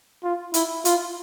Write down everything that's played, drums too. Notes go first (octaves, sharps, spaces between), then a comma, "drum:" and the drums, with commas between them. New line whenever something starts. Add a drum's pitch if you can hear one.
F4
E4, drum: hi-hat
F4, drum: hi-hat